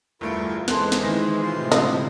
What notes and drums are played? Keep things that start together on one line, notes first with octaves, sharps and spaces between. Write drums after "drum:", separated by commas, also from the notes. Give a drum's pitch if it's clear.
G1 E2 A3 E4 F4 A#4 D7
E3 G#3 G#4 A4 C5 C6 F#6, drum: snare
drum: snare
D#3 A#6
A2 C3 F4 C5 C6
D3 D#5, drum: snare